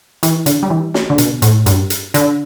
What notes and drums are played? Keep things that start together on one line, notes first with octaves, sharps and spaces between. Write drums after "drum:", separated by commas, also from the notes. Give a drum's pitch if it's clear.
E3, drum: hi-hat
D3, drum: hi-hat
G3
E3
drum: snare
D3
B2, drum: hi-hat
A2, drum: hi-hat
G2, drum: hi-hat
drum: hi-hat
D3, drum: hi-hat